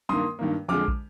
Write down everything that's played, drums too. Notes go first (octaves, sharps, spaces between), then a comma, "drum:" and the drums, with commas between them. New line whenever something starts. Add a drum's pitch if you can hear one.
G2 D#3 A#3 C6 D#6
G2 D#3 A#3
F2 D3 G#3 D6 F6
drum: kick